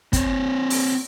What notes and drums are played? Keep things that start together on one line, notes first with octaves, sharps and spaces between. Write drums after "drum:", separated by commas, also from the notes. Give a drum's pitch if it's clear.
C4 C#5, drum: kick, hi-hat
drum: open hi-hat